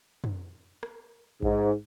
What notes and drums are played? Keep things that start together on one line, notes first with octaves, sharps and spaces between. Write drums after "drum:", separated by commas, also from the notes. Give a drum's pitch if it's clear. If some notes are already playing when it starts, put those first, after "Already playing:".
drum: tom
drum: rim click
G#2, drum: kick A1